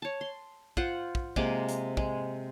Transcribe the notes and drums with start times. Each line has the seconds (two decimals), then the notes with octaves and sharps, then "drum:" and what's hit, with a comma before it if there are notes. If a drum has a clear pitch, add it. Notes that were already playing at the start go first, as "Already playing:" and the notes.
0.02 C#5 A5
0.21 C6
0.77 F4 C5 F#5, drum: kick
1.15 drum: kick
1.36 C3 G#3 A#3 D6, drum: kick
1.69 drum: hi-hat
1.97 G#3, drum: kick